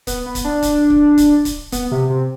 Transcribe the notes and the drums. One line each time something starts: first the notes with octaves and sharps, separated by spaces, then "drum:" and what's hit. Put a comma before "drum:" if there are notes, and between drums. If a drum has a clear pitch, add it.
B3, drum: kick C#1, hi-hat
B3
drum: kick C#1, hi-hat
D4
drum: kick C#1, hi-hat
drum: kick C#1
drum: kick C#1, hi-hat
drum: kick C#1, hi-hat
B3, drum: kick C#1, hi-hat
C3
C3